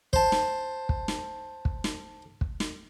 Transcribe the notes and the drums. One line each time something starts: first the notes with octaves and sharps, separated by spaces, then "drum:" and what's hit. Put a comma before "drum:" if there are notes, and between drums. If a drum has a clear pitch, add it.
C5 A5, drum: kick
drum: snare
drum: kick
drum: snare
drum: kick
drum: snare
drum: kick
drum: snare